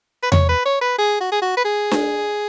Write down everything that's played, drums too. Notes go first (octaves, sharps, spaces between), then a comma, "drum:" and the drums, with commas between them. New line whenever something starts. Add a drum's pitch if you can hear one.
B4
C#5, drum: tom E2
B4
C#5
B4
G#4
F#4
G#4
F#4
B4
G#4
drum: snare D4